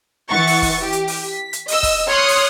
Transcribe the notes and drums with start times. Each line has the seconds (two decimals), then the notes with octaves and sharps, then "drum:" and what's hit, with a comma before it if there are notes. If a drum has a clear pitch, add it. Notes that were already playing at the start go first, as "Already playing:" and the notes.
0.29 E3 F#5 C#6 A6
0.47 drum: open hi-hat
0.62 drum: kick, open hi-hat
0.81 G4
0.92 drum: hi-hat
1.08 drum: open hi-hat
1.27 B6
1.53 drum: hi-hat
1.68 D#5 E6, drum: open hi-hat
1.83 drum: kick, open hi-hat
2.09 C#5 C6 D#6 F6 F#6 C#7
2.28 drum: open hi-hat